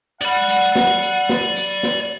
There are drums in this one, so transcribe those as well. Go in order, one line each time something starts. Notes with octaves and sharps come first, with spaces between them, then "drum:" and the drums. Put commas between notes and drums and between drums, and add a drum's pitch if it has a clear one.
D5 F#5 B5, drum: hi-hat
drum: hi-hat
drum: snare
drum: hi-hat
drum: snare
drum: hi-hat
drum: snare